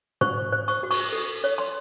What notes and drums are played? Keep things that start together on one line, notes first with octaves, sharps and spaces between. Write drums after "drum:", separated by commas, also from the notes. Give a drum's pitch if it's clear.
C5 C#6, drum: tom
C5
C#6, drum: hi-hat
F#4
C#6, drum: open hi-hat
A4, drum: hi-hat
C#5
C6